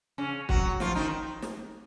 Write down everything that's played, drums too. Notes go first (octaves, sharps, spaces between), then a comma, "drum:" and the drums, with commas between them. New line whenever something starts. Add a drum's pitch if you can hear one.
C#3 C#4
F#3 F#4, drum: kick
F3 F4, drum: snare
D#3 D#4
drum: snare